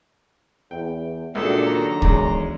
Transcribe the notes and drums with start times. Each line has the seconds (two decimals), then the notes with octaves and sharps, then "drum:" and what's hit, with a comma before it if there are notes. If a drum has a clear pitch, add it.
0.71 E2 G5
1.35 C#2 A#2 D4 F#4 G#4 A4 E5
1.66 D#3 F#3 A#5
2.02 E2 C#3 G#3 D5, drum: kick